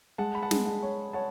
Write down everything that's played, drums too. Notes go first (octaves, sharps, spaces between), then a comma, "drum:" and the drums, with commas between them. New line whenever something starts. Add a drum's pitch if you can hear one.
G#3 F#5 A5
B5
F#5 A5
G#3, drum: snare
F#5 A5
C#5
C#5 F#5 A5